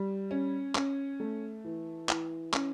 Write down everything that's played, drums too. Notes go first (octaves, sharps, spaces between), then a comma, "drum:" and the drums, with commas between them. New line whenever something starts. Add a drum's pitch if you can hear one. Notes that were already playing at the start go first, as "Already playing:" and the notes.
Already playing: G3
C#4
C#4, drum: clap
A3
E3
E3, drum: clap
C#4, drum: clap